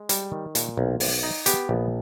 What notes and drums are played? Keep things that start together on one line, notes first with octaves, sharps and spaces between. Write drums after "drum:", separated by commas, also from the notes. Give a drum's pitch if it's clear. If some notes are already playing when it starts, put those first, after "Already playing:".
Already playing: G#3
G3, drum: hi-hat
D#3
A#2, drum: hi-hat
B1
B1, drum: open hi-hat
D#4
B3 G4, drum: hi-hat
A#1